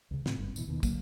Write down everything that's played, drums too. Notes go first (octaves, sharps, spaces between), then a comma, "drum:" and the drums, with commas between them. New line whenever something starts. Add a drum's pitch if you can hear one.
C#2 C#3
A2 C4, drum: snare
G1 G2
D1 B2 E3, drum: tambourine
D#2 B2 D#3
D3 F#3 A#3, drum: kick, tambourine